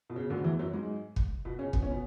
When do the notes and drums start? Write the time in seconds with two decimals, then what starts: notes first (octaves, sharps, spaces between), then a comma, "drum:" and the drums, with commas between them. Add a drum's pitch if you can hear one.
0.10 B2
0.16 C#3
0.30 D2 D3
0.44 E2 E3
0.59 F#2 F#3
0.73 G#2 G#3
1.16 drum: kick
1.45 B2 B3
1.59 C#3 C#4
1.73 B3, drum: kick
1.83 C#4
1.91 B2 B3